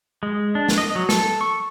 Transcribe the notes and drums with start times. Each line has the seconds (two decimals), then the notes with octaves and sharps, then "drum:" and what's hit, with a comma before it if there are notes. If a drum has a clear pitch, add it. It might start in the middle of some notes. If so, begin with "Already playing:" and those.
0.23 G#3
0.55 D4
0.68 drum: snare
0.78 D#5
0.95 F#3
1.09 A4, drum: snare
1.41 C#6